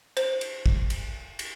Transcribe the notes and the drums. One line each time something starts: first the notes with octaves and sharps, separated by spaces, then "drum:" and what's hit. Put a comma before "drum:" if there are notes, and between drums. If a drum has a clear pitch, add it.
C5, drum: cymbal
drum: cymbal
drum: kick
drum: cymbal
drum: cymbal